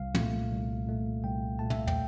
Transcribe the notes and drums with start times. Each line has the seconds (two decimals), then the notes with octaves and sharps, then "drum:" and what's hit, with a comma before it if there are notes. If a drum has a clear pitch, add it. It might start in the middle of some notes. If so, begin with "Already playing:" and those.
Already playing: C2 F5
0.15 A#2 A3, drum: tom
0.51 C2
0.87 A#2 A3
1.23 C2 G5
1.59 A#2 A3 A5
1.70 E5, drum: tom
1.79 F5
1.87 G5, drum: tom